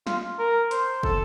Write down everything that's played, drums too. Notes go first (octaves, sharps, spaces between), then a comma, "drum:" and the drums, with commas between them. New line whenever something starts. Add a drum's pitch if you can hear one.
F4, drum: snare
A#4
C5, drum: hi-hat
A4, drum: kick